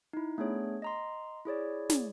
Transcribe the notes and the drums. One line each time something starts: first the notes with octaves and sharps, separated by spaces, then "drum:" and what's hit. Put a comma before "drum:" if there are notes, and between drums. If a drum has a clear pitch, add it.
D#4 E4
A3 B3 D4 G#4 C#5
D#5 A#5 C6
E4 G#4 C#5 D5
drum: snare